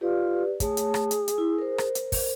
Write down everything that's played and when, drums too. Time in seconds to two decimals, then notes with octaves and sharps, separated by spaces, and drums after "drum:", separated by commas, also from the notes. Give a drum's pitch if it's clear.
0.01 F4 G4 B4 D5
0.60 A3 G#4 C#5 A5, drum: kick, hi-hat
0.77 drum: hi-hat
0.94 drum: rim click
1.11 drum: hi-hat
1.28 drum: hi-hat
1.38 E4
1.58 A#4 C5
1.78 drum: rim click
1.95 drum: hi-hat
2.12 drum: kick, open hi-hat